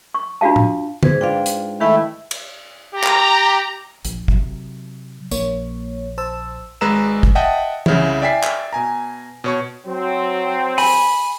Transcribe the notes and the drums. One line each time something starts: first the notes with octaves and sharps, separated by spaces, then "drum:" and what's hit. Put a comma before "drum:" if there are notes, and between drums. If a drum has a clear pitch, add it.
C#6
D4 F4 F#4 F5 A5
drum: tom A2
G#2 G#4 B4, drum: tom D3
D4 F4 D5 F5 G5
drum: hi-hat
D#3 G#3 A3 E4 G5
drum: cymbal
G4 A#5
drum: clap
A#1, drum: hi-hat
C3 F#3, drum: kick
A#1 A#3 C#5, drum: tambourine
C5 A5 E6
G#1 G#3 B4 A#5 E6 E7
drum: kick
D#5 E5 F#5 G5 A5 D#6
C2 C#3 E4, drum: tom
D5 E5 G5 G#5 B6 C7
drum: clap
B2 G#5 A#5
B2 C#5 C#6
F#3 C4
G#5 B5, drum: open hi-hat